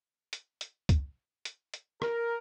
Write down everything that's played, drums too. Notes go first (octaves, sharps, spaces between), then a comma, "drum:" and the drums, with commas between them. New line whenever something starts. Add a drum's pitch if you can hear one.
drum: hi-hat
drum: hi-hat
drum: kick C#2, hi-hat
drum: hi-hat
drum: hi-hat
A#4, drum: rim click